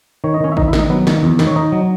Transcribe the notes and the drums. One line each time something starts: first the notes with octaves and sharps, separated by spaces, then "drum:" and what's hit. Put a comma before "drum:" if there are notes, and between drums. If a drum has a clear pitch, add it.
D#3 C#5
D#5
D#3 C#4 C#5
E5
D#3 D#4 D#5, drum: kick A1
E4 E5
D#3, drum: snare
D#4 D#5
F#3 B3 B4
D#3, drum: snare
E2
D#3, drum: snare
C#5
D#4 D#5
F#3